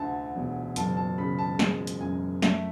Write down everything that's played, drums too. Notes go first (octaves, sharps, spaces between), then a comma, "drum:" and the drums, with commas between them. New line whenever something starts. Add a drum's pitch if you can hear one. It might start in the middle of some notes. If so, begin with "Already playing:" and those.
Already playing: D2 D3 G#5 A5
E1
F#1 A5, drum: hi-hat
A5
C#3 B5
A5
G#3 G#5, drum: snare
drum: hi-hat
F#2 G#5
A3 E5, drum: snare